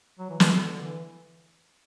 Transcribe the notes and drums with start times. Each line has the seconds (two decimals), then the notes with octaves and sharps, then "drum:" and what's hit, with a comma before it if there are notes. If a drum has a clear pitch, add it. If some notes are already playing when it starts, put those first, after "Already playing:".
0.19 F#3
0.30 E3
0.40 E3, drum: snare
0.51 D3
0.83 E3